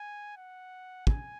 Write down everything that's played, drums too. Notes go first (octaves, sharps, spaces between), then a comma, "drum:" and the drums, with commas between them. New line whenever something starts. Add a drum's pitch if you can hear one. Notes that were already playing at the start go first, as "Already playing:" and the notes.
Already playing: G#5
F#5
G#5, drum: kick